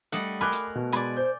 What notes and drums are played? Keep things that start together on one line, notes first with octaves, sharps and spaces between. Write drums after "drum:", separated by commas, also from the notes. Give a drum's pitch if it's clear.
G3 A3 D#5 F#5, drum: hi-hat
A#4 G#5 B5 C6 D6 F#6
drum: hi-hat
B2
G#3 D5 G#5 B5 C6, drum: hi-hat
C5 G6